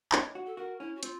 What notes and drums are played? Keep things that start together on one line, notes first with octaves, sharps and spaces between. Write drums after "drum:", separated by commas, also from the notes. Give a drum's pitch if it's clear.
D#4 C#5, drum: clap
F#4
A4
F#4 A#4
C#4 E4
F#4
C4 F4, drum: hi-hat